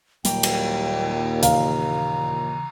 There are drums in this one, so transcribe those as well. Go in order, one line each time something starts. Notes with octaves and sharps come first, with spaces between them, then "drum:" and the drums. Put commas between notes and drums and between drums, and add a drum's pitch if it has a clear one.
D#2 A#2 F#3 G3 A#3 G5, drum: hi-hat
drum: cymbal
C#3 E3 F5 A#5, drum: hi-hat